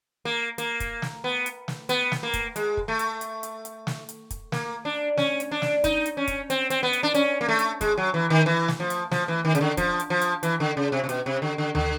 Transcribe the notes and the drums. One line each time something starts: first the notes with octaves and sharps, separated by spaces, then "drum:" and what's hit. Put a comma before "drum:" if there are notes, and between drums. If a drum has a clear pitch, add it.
A#3
A#3, drum: hi-hat
drum: kick, hi-hat
drum: snare
B3
drum: hi-hat
drum: snare
B3, drum: hi-hat
drum: snare
A#3
drum: kick, hi-hat
G#3, drum: hi-hat
drum: kick
A3
drum: hi-hat
drum: hi-hat
drum: hi-hat
drum: hi-hat
drum: snare
drum: hi-hat
drum: kick, hi-hat
A#3, drum: snare
D4
C#4, drum: snare
drum: hi-hat
D4
drum: snare
D#4, drum: kick, hi-hat
drum: hi-hat
C#4
drum: kick, hi-hat
C4, drum: hi-hat
C4, drum: hi-hat
B3
drum: hi-hat
D4
C#4, drum: hi-hat
A#3
A3
drum: hi-hat
G#3, drum: kick, hi-hat
F#3
E3
D#3
E3
drum: snare
F3
drum: hi-hat
F3, drum: snare
E3
D#3
C#3, drum: hi-hat
D3
F3, drum: kick, hi-hat
drum: hi-hat
F3
drum: hi-hat
E3, drum: hi-hat
D3
C#3
C3
C3
B2, drum: hi-hat
C3
D3
D3
D3, drum: tom D2